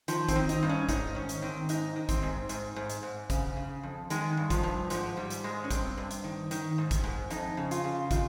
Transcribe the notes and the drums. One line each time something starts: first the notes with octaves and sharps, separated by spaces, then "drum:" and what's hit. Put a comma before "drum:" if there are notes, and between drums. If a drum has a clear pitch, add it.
D#3 F3, drum: hi-hat
C4, drum: kick, hi-hat
D#3
D#4, drum: hi-hat
G2
C#4
G#2 D#4, drum: kick, hi-hat
D#3 C#4
drum: hi-hat
D#3 C4
G#2 D#4, drum: hi-hat
D#3
C4, drum: kick, hi-hat
G#2
G#2, drum: hi-hat
G#2
drum: hi-hat
G#2
C#3, drum: kick, hi-hat
C#3
F2
D#3 G#3, drum: hi-hat
G2
F3, drum: kick, hi-hat
G2
G#2 F3, drum: hi-hat
G#2 G3
drum: hi-hat
G#2 G#3
C#4
G2 C4, drum: kick, hi-hat
G2
drum: hi-hat
D#3
D#3, drum: hi-hat
G#2
drum: kick, hi-hat
G#2
F2 D#4, drum: hi-hat
C#3
F4, drum: hi-hat
C#3
D#3 F4, drum: kick, hi-hat